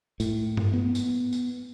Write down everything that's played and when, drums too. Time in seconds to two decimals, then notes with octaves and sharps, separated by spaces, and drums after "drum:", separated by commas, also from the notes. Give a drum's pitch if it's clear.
0.20 A2, drum: tambourine
0.57 drum: tom G2
0.73 B3
0.95 drum: tambourine
1.33 drum: tambourine